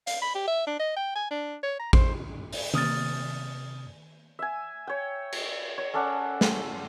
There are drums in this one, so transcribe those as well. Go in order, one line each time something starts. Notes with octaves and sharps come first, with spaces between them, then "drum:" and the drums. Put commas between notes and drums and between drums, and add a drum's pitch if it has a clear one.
F5, drum: hi-hat
B5
G4
E5
D4
D#5
G5
G#5
D4
C#5
A#5
C5, drum: kick A1
drum: open hi-hat
C3 D#6 F6 A6, drum: tom D#3
E5 G#5
C#5 G5
drum: cymbal
C#5
C#4 A4 D5 F#5
drum: snare